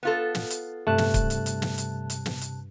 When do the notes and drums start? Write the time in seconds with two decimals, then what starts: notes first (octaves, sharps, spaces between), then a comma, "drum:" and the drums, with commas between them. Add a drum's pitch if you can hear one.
0.03 B3 F4 A4
0.35 drum: snare
0.50 drum: hi-hat
0.87 G2 C3 A3 A5 F#6
0.98 drum: snare
1.14 drum: kick C#1, hi-hat
1.30 drum: hi-hat
1.46 drum: hi-hat
1.62 drum: snare
1.78 drum: hi-hat
2.10 drum: hi-hat
2.26 drum: snare
2.41 drum: hi-hat